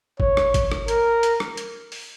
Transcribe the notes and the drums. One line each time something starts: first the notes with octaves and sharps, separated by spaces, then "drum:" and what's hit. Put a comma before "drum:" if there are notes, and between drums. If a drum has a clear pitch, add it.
C#5, drum: kick G#1
drum: rim click
drum: kick G#1, hi-hat
drum: rim click
A#4, drum: hi-hat
drum: hi-hat
drum: rim click
drum: hi-hat
drum: open hi-hat